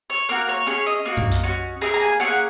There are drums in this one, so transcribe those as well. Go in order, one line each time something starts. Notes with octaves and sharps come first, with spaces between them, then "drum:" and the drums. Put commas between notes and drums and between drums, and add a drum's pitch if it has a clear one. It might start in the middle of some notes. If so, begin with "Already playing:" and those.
C#5
A#3 F#4 A#4
C#5
C#4 G#4 C#5
D#5
A#3 F#4
drum: tom F#2
drum: hi-hat
C#4 F#4
A#3 D#4 G#4 A#5
A#5
G#5
A#3 C#4 G#4 F#5